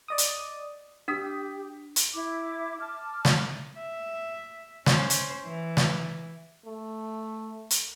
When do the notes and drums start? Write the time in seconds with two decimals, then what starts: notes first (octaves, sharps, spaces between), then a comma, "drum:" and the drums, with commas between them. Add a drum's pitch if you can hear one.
0.08 D5 D#5 D#6
0.18 drum: hi-hat
1.08 D4 G4 D#6 B6
1.96 drum: hi-hat
2.13 E4 D6
2.79 A5 D6 F6
3.25 drum: snare
3.78 E5
4.86 C#4 C5, drum: snare
5.10 drum: hi-hat
5.45 E3
5.77 drum: snare
6.66 A3
7.70 drum: hi-hat